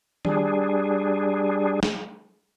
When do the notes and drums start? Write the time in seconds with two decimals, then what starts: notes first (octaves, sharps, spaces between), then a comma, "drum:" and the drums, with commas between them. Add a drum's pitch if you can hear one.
0.25 G3 D4 G#4, drum: tom D#3
1.83 drum: snare